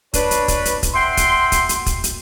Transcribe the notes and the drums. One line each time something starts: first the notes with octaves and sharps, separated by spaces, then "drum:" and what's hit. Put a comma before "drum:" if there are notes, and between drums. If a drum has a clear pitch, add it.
D4 B4 C#5, drum: kick, hi-hat
drum: hi-hat
drum: kick, hi-hat
drum: hi-hat
drum: kick, hi-hat
E5 F#5 G5 C6
drum: kick, hi-hat
drum: kick, hi-hat
drum: hi-hat
drum: kick, hi-hat
drum: hi-hat